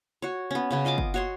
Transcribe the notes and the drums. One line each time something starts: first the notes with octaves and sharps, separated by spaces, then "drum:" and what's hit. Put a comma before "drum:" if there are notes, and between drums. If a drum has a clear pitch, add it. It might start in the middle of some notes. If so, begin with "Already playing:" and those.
F#4 C#5
B3 C#4
C#3 B3 C#4
F4 D#5 G#5 D6
drum: kick F#1
F#4 C#5 C6